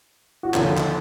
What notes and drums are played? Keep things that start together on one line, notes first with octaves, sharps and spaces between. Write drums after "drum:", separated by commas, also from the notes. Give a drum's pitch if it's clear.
F#4
D#2 D3 F3 F4, drum: clap
drum: clap